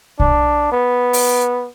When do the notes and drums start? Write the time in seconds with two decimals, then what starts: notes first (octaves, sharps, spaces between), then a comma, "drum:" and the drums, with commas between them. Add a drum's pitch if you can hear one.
0.20 D4, drum: kick
0.72 B3
1.13 drum: open hi-hat